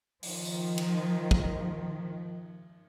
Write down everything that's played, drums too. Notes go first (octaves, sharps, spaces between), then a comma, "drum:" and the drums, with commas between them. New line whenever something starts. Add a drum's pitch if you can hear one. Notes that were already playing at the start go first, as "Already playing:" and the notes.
D#3 F3, drum: open hi-hat
drum: tambourine
drum: cymbal
drum: kick